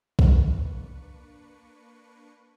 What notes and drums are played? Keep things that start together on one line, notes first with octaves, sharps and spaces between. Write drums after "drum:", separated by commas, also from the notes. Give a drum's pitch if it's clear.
A#3 D4 B4 C#6 C#7, drum: kick